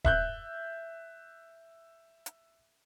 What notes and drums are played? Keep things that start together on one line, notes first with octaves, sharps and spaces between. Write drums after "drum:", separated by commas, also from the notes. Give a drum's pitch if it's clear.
E5 F#6 G6, drum: kick D#1
drum: hi-hat